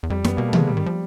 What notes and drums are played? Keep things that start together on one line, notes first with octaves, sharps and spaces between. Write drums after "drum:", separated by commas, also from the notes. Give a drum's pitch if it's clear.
E2
F2 G3
F#2 B3, drum: snare
B2 A#3
A3
C3 G#3, drum: tom
G3
D#3
F3